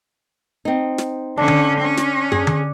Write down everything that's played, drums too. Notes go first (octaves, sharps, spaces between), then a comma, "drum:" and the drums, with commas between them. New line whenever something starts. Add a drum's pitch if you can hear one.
C4 D#4
drum: snare
D3 C#4 D4
drum: tom D3
C#4
drum: snare
G#4, drum: tom
drum: tom D3